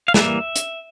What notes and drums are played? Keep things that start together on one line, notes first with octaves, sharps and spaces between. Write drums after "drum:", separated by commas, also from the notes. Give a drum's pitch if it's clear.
F5
E3 G3 A#3 E5, drum: snare
drum: hi-hat